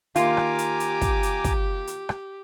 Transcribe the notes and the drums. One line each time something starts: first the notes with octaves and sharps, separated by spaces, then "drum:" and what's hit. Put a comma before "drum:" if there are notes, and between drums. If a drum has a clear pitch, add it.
D#3 A#3 F4 G4 G#5 A#5 D6, drum: hi-hat
drum: rim click
drum: hi-hat
drum: hi-hat
drum: kick, hi-hat
drum: hi-hat
drum: kick, hi-hat
drum: hi-hat
drum: rim click